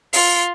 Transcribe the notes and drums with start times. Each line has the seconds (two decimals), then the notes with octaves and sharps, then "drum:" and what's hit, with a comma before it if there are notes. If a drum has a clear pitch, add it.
0.13 F4, drum: open hi-hat